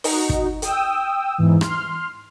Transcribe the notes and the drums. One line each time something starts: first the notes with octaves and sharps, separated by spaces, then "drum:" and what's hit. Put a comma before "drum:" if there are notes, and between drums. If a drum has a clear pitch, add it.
D#4 F#4, drum: open hi-hat
drum: kick
G5 D#6 E6, drum: hi-hat
E2 G#2 E3
C6 F6, drum: rim click